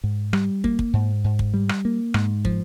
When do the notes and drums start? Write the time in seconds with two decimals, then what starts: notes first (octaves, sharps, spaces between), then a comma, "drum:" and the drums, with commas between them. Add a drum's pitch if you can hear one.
0.04 G#2
0.33 G3, drum: rim click
0.64 A#3, drum: kick
0.79 drum: kick
0.93 G#2
1.24 G#2
1.39 drum: kick
1.54 G3
1.69 drum: rim click
1.85 A#3
2.14 G#2, drum: rim click
2.45 F3, drum: kick